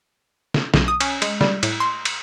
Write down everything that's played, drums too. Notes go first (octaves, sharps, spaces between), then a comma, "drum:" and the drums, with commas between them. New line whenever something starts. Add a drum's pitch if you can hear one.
drum: snare
B1, drum: snare
D#6
C#4, drum: cymbal
G#3, drum: cymbal
G3, drum: snare
A2, drum: cymbal
C6
drum: cymbal